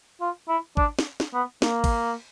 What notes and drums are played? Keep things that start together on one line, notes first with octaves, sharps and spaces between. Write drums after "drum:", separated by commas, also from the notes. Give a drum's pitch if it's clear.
F4
E4
D4, drum: kick G#1
drum: snare
drum: snare
B3
A#3, drum: snare
drum: kick G#1, cymbal